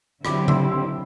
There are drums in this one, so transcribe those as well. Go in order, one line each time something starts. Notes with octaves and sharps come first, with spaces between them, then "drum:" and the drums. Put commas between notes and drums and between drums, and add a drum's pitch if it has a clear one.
D3 F#3 C4 E4 G4 B5 D6, drum: rim click
C6 E6, drum: tom C#3
C6 E6